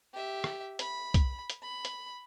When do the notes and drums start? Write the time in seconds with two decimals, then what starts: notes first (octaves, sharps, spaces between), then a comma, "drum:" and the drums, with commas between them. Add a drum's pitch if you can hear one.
0.14 G4 E5
0.44 drum: rim click
0.79 B5, drum: hi-hat
1.14 drum: kick C2, hi-hat
1.50 drum: hi-hat
1.62 B5
1.85 drum: hi-hat